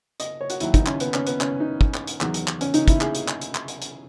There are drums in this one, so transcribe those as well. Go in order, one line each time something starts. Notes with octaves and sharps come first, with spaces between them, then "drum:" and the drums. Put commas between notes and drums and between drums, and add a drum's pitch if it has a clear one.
D#5, drum: hi-hat
C#5
F#4, drum: hi-hat
D#2 D#3 F#3 E4, drum: hi-hat
D#4, drum: kick, hi-hat
C#4, drum: clap
B3, drum: hi-hat
C#4, drum: clap
B3, drum: hi-hat
C#4, drum: clap
D#4
drum: kick
drum: clap
drum: hi-hat
E2 D#3 F#3, drum: clap
drum: hi-hat
drum: clap
C#4, drum: hi-hat
D#4, drum: hi-hat
E4, drum: kick, hi-hat
G#4, drum: clap
drum: hi-hat
drum: clap
drum: hi-hat
drum: clap
drum: hi-hat
drum: hi-hat